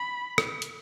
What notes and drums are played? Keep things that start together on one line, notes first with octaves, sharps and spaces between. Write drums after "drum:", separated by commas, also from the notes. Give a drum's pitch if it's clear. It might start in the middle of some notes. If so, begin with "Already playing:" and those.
Already playing: B5
drum: rim click
drum: hi-hat